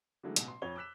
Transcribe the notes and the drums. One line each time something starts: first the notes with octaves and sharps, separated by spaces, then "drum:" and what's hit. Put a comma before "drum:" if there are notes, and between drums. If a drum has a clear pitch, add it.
D3 E3 F#3 G#3 A3 D#4
A1 B2, drum: hi-hat
C6
F2 C#5 G7
D6 E6 F#6 B6 E7